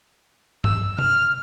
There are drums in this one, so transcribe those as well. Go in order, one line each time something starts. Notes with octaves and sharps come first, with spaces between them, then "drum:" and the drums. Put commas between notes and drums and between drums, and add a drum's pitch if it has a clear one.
E6, drum: tom G2
F6, drum: tom C3